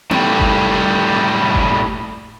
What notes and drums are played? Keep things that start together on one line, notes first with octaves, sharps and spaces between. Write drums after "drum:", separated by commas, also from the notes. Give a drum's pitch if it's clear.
A2 G3, drum: tom B3
drum: kick G1
drum: kick G1